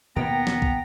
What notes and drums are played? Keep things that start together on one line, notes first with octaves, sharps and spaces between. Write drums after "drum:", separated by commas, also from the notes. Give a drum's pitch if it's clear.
D#2 B2 A#3 B3 G5 A#5
drum: snare
drum: kick